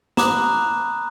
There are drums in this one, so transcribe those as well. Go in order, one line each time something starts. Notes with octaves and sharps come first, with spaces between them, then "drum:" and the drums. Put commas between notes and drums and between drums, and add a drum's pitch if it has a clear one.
A#5 B5 D6 D#6 F#6, drum: snare